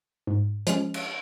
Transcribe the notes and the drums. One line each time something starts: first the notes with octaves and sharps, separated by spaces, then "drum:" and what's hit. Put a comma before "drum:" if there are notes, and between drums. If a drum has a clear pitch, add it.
G#2
F3 G#3 C#4, drum: hi-hat
drum: cymbal